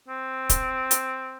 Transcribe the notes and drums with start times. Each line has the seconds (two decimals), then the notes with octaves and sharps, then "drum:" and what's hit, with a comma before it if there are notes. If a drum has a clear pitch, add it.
0.09 C4
0.50 drum: kick, hi-hat
0.91 drum: hi-hat